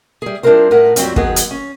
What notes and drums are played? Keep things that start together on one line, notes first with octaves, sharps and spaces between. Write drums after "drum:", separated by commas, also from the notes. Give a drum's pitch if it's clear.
G3 G#4
G3 D4 E4 F4 A#4 C5
A2 A#4 B4 F#5
F2 F#3 G3 C4 C#4, drum: hi-hat
D#3 F#3 B3 G#4 B4, drum: kick
drum: hi-hat
C#4